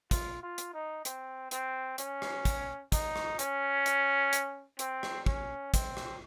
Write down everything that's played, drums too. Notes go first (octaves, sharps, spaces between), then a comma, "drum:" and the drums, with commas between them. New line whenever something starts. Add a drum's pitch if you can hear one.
F4, drum: kick, hi-hat
F4
drum: hi-hat
D#4
C4, drum: hi-hat
C4, drum: hi-hat
C#4, drum: hi-hat
drum: rim click
drum: kick, hi-hat
D#4, drum: kick, hi-hat
drum: rim click
C#4, drum: hi-hat
drum: hi-hat
drum: hi-hat
C4, drum: hi-hat
drum: rim click
C#4, drum: kick
C4, drum: kick, hi-hat
drum: rim click